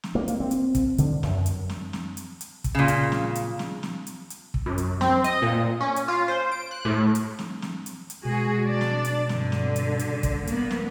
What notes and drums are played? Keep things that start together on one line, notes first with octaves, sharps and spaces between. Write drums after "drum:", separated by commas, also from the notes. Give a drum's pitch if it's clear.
drum: snare
A#3
A#3, drum: hi-hat
C4
drum: hi-hat
drum: kick, hi-hat
D3, drum: hi-hat
F#2, drum: snare
drum: hi-hat
drum: snare
drum: snare
drum: hi-hat
drum: hi-hat
drum: kick, hi-hat
A#2 C#3
drum: hi-hat
drum: snare
drum: hi-hat
drum: snare
drum: snare
drum: hi-hat
drum: hi-hat
drum: kick
F#2
drum: hi-hat
C4, drum: snare
D#5, drum: hi-hat
A#2
C#4
drum: hi-hat
F4
C5
D7
F#6
A2
drum: hi-hat
drum: snare
drum: snare
drum: hi-hat
drum: hi-hat
B2 G#3 F#4 G#4
D4 D5
drum: snare
drum: hi-hat
G2 D3, drum: snare
drum: snare
drum: hi-hat
drum: hi-hat
drum: kick, hi-hat
A#3 B3, drum: hi-hat
drum: snare